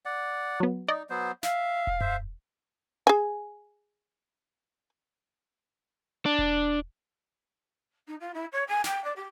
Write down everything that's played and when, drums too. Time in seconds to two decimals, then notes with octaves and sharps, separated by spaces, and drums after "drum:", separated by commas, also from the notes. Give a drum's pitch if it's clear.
0.05 D5 F#5
0.60 F#3 B3
0.88 D#4 D5 D#5
1.10 F#3 B3 C5
1.43 E5 F5, drum: snare
1.87 drum: kick E1
2.01 C5 E5, drum: tom F#2
3.07 G#4 G#5
6.26 D4
6.38 drum: kick E1
8.07 D#4
8.20 F4
8.34 E4
8.52 C#5
8.67 G#5
8.84 G5, drum: snare
9.04 D5
9.15 G4